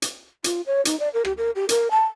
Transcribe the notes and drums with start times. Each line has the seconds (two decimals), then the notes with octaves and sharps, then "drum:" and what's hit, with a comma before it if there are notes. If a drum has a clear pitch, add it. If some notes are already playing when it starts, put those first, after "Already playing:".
0.02 drum: hi-hat
0.44 F4, drum: hi-hat
0.66 C#5
0.85 D#4, drum: hi-hat
0.99 D5
1.13 A#4
1.25 G4, drum: rim click
1.37 A#4
1.55 G4
1.69 A#4, drum: hi-hat
1.90 A5